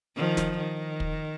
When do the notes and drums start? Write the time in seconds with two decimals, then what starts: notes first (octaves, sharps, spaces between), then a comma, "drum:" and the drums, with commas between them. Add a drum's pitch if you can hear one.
0.17 D#3 F3
0.37 drum: snare
0.58 D#3
1.00 drum: kick